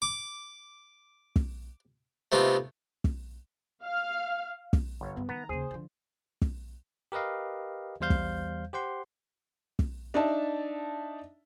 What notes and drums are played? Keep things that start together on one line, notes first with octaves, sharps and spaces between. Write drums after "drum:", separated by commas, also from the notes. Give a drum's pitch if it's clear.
D6
drum: kick
C3 A3 B3 D#4 F4
drum: kick
F5
drum: kick
G1 C#5
G2 D#3 B3
D#3 B3 A#5
D#2 C#3 G#4 C5
D3 F3
drum: kick
G4 A#4 B4 D#5 F5
E2 G3 C5 F5 G6
drum: kick
G4 C5 F#5 C6
drum: kick
D4 D#4 E5 A5